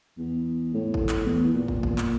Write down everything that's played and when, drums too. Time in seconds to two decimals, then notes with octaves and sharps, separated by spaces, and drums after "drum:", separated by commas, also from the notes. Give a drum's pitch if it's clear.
0.18 E2
0.74 A2
0.94 drum: kick
1.09 drum: clap
1.26 E2
1.54 A#2
1.68 drum: kick
1.83 drum: kick
1.98 drum: clap